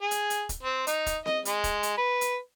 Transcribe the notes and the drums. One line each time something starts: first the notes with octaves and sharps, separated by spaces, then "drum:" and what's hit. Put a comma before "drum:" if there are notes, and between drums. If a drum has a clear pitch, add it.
G#4
drum: hi-hat
drum: hi-hat
drum: kick, hi-hat
C4
D#4, drum: hi-hat
drum: kick, hi-hat
D#5, drum: snare C4
G#3, drum: hi-hat
drum: kick, hi-hat
drum: hi-hat
B4
drum: hi-hat